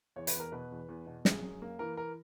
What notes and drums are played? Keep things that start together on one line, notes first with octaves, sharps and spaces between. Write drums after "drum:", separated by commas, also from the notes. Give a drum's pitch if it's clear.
E2 C#5
B4, drum: hi-hat
E2
A#4
B2 B4
E2
E2
B2
F#2 G#4, drum: snare
F#2
A#3
E3 A#4
A#4